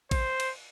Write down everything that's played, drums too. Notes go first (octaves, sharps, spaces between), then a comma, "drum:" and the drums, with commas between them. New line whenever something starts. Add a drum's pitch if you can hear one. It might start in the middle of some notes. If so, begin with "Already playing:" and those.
C5, drum: kick A1, cymbal
drum: cymbal